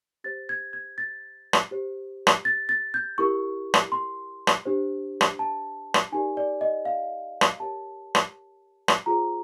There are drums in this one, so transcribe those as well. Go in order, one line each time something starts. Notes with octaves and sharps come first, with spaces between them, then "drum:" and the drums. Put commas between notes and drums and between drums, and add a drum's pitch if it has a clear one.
G4 C5 A6
G#6
G#6
A6
drum: rim click
G4 C5
drum: rim click
A6
A6
G6
E4 G4 A#4 C#6
drum: rim click
C6
drum: rim click
D4 G4 C5
drum: rim click
A5
drum: rim click
D#4 G4 A#4 D5 G#5
D5
D#5
F5
drum: rim click
G4 A#4 C#5 A5
drum: rim click
drum: rim click
F4 G#4 C5 A#5